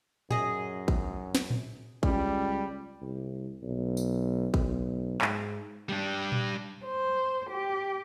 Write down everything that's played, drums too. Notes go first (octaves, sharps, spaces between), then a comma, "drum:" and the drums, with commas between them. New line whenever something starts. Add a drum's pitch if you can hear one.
F#2 G#4 D#5, drum: tom A2
drum: kick A1
drum: snare
drum: tom A2
C#2 G3, drum: kick A1
C2
B1
drum: tambourine
B1, drum: kick A1
G#2, drum: clap
G3 D4
drum: tom A#2
C5
G4